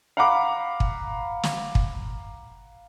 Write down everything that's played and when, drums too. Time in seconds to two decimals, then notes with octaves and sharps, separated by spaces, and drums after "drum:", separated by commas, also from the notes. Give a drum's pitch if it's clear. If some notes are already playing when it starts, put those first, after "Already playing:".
0.17 F5 F#5 A#5 B5 D6
0.80 drum: kick
1.43 drum: snare
1.75 drum: kick